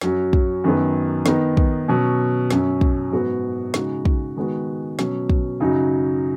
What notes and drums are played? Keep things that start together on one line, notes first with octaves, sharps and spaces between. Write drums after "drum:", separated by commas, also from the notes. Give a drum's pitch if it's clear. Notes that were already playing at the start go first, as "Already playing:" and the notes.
F#2 F#3 C#4 F#4, drum: snare
drum: kick
F#2 D#3 F#3 B3
D#3 B3 D#4, drum: snare
drum: kick
B2 F#3 C#4
F#2 F#3 C#4, drum: snare
drum: kick
G#2 F#3 B3 F#4
C#3 G#3 D#4 F#4, drum: snare
drum: kick
D#3 G#3 B3 F#4
B2 F#3 C#4, drum: snare
drum: kick
F#2 C#3 F#3 D#4 F#4